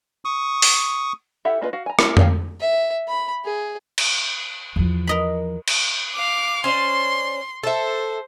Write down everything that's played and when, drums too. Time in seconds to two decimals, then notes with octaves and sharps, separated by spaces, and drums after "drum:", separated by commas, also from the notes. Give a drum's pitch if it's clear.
0.25 C#6 D#6
0.62 drum: open hi-hat
1.45 E4 G4 A4 E5 F#5
1.61 A#3 D4 F4 B4 D#5
1.73 F#4 F5
1.86 G#5 A#5
1.99 C#4 E4 F4 A#4, drum: rim click
2.17 A#3 C#5 D5 F5 G5, drum: tom F2
2.61 E5
3.08 B5
3.45 G#4
3.98 drum: cymbal
4.76 E2 F3
5.07 A#4 D#5 B5
5.68 drum: cymbal
6.14 F5 D6
6.64 C#4 C5 D5 C6
7.63 A4 C5 E5